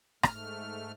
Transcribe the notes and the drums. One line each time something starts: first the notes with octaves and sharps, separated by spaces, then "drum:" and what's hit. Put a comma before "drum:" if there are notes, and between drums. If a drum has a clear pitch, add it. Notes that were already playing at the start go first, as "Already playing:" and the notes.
G#2 A3 F6, drum: rim click